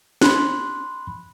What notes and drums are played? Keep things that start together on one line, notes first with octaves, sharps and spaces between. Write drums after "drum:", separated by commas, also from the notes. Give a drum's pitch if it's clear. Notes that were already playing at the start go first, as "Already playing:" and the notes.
B5 C6 F#6, drum: snare C#4